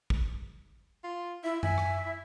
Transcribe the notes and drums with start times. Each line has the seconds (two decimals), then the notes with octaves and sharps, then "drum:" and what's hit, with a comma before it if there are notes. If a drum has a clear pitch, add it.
0.10 drum: kick
1.04 F4
1.44 E4 E5
1.63 E5 G#5, drum: tom F#2
1.78 drum: rim click
2.06 E4